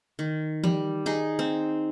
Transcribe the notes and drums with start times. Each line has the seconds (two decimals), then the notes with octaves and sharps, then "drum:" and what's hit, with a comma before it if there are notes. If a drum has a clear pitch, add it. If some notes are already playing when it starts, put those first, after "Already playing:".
0.19 D#3
0.64 G3, drum: tom E3
1.06 D#4 G#4
1.39 C4